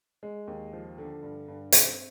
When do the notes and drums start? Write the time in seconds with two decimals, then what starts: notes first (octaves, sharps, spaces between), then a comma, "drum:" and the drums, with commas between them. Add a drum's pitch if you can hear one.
0.23 G#3
0.47 D#2
0.73 F3
0.98 D3
1.23 G2
1.48 G2
1.72 C4, drum: hi-hat